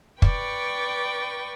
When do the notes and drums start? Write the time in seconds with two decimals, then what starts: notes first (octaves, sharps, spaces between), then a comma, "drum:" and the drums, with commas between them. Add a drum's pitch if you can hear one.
0.22 B4 D5 G5 C#6, drum: kick